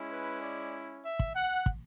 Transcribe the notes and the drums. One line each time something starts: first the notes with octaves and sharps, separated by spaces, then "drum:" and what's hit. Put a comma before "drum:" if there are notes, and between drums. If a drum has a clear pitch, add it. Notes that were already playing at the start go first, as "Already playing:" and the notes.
Already playing: G#3 C#4 E4
B4
D5
E5
drum: kick
F#5
drum: kick